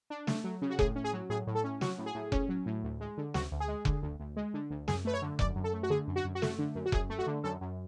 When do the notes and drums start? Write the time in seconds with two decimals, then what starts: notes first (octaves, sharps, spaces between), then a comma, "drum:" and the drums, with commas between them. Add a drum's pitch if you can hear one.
0.10 D4
0.27 A3, drum: snare
0.44 F#3
0.62 C#3
0.70 F#4
0.79 A2 G#4, drum: kick F1
0.95 C#4
1.04 G#4
1.13 F#3
1.30 A2 G#4
1.47 A2
1.55 A4
1.64 C#4
1.81 F#3 F#4, drum: snare
1.98 A2
2.06 G#4
2.15 A2
2.32 C#4, drum: kick F1
2.49 F#3
2.66 A2
2.84 D2
3.00 G#3
3.17 D3
3.34 D2 F#4, drum: snare
3.52 D2
3.60 G#4
3.68 G#3
3.85 D3, drum: kick F1
4.02 D2
4.20 D2
4.36 G#3
4.54 D3
4.70 D2
4.88 F#2 G#4, drum: snare
5.05 A3 B4
5.13 C#5
5.22 D3
5.39 F#2 D5, drum: kick F1
5.56 F#2
5.64 A4
5.73 A3
5.83 F#4
5.90 D3 G#4
6.07 F#2
6.16 F#4
6.24 F#2
6.35 F#4
6.42 A3, drum: snare
6.59 D3
6.75 F#2
6.86 F#4
6.92 F#2 G#4, drum: kick F1
7.10 A3
7.18 F#4
7.27 D3
7.44 F#2 A4
7.61 F#2